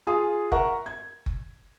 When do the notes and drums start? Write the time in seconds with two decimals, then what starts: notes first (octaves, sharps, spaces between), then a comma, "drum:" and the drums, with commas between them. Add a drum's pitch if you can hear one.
0.07 F4 G#4 F5 G#5 D#6
0.52 A#4 E5 F#5 A#5 C#6, drum: kick F#1
0.86 G#6
1.26 drum: kick F#1